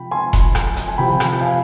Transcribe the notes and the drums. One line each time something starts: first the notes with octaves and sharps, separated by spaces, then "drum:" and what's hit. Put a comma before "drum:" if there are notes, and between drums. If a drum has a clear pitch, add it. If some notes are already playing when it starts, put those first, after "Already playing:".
Already playing: C3 F3 C4 G5 B5
G#5 C6
drum: kick F1, hi-hat
drum: rim click
drum: hi-hat
G#5
C3 F3 C4 G5 B5
drum: rim click
F5 G#5